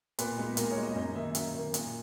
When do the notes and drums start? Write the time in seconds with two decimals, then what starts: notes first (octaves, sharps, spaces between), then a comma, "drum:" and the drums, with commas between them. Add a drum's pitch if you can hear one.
0.19 A#2 B4, drum: hi-hat
0.38 G#3 B3 D#4
0.57 A#2 A#4, drum: hi-hat
0.70 C#5
0.77 G#3 B3 D#4
0.83 D#5
0.96 F#2 D#5
1.15 D#3 A#3 E5
1.35 F#2, drum: hi-hat
1.54 D#3 A#3
1.74 A#2, drum: hi-hat